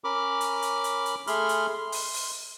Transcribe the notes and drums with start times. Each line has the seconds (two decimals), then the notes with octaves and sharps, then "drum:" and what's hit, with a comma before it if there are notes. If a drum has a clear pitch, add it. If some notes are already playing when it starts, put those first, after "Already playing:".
0.04 C#4 A#4 B5 D6
0.41 drum: hi-hat
0.62 drum: hi-hat
0.84 drum: hi-hat
1.06 drum: hi-hat
1.27 A3 G#4 B5 C6 F6, drum: hi-hat
1.49 drum: hi-hat
1.74 C6
1.92 drum: open hi-hat
2.14 drum: open hi-hat